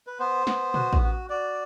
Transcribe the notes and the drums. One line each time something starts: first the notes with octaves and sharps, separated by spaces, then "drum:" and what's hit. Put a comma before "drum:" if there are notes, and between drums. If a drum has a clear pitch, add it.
B4
B3 C5
B3, drum: snare
F#4, drum: tom A#2
drum: kick A1
F#4
F#4 D5